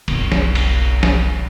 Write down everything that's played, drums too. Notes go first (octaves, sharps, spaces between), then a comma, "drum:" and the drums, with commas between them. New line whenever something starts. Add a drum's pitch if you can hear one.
F1 B1, drum: cymbal
drum: snare
drum: cymbal
drum: snare